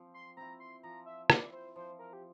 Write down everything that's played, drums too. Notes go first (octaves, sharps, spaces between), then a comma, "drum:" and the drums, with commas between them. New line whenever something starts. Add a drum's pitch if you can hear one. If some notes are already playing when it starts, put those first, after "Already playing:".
Already playing: F3 C4
C6
C4 E4 A#5
C6
F3 A#5
E5
C4 E4 D5, drum: rim click
C5
F3 C5
A#4
G4